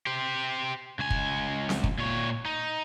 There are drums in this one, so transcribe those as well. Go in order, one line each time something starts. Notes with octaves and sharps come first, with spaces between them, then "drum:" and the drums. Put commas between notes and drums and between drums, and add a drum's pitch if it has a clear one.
G4 C5
C#2 G#5
drum: kick
drum: snare C4
drum: kick
A#2 C#5
D#4